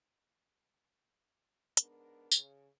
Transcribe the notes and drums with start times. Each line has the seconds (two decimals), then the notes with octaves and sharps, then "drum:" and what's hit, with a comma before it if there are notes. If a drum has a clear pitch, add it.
1.77 G#2 B3 D4 A#4, drum: hi-hat
2.31 C#3, drum: tambourine